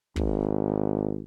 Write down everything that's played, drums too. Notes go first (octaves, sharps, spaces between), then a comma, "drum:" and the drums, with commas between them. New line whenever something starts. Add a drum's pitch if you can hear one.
G#1, drum: kick